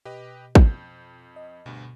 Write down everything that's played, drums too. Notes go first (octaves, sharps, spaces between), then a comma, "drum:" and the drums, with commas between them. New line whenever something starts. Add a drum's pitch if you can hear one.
B2 G4 B4 D#5
F2 G6, drum: kick
D#5
D2 G2 B2